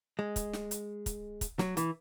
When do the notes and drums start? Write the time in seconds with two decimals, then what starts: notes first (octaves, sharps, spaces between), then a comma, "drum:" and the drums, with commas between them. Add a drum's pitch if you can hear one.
0.19 G#3
0.36 drum: kick, hi-hat
0.53 drum: snare
0.71 drum: hi-hat
1.06 drum: kick, hi-hat
1.41 drum: kick, hi-hat
1.59 F#3, drum: snare
1.77 E3, drum: hi-hat